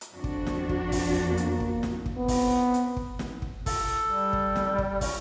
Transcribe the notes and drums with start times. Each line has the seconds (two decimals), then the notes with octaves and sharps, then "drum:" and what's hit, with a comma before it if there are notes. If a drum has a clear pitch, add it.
0.01 drum: hi-hat
0.12 F2 D4 F#4
0.24 drum: kick
0.47 drum: snare
0.69 drum: kick
0.92 drum: kick, open hi-hat
1.27 A#3
1.37 drum: hi-hat
1.60 drum: kick
1.83 drum: snare
2.06 drum: kick
2.17 B3 C4
2.28 drum: kick, open hi-hat
2.74 drum: hi-hat
2.97 drum: kick
3.19 drum: snare
3.42 drum: kick
3.66 A4, drum: kick, open hi-hat
4.07 G3
4.33 drum: kick
4.56 drum: snare
4.78 drum: kick
5.01 C#4, drum: kick, open hi-hat